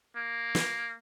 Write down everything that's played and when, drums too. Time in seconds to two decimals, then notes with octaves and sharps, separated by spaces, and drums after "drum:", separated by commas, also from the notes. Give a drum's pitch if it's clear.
0.16 A#3
0.55 drum: snare